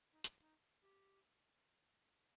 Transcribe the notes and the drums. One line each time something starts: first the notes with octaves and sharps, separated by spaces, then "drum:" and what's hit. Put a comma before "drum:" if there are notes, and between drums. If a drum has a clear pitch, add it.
D#4
drum: hi-hat
D#4
G4